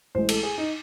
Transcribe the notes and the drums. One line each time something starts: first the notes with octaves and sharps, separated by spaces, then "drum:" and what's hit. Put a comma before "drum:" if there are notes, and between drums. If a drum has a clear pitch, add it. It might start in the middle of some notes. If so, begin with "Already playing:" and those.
A1 A2 G#3 C5
A4, drum: cymbal
G#4
D#4